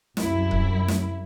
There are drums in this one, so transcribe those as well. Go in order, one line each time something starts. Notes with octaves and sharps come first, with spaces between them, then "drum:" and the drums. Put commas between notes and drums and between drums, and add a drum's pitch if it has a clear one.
C2 F#2 E4, drum: snare
drum: kick C#1
drum: snare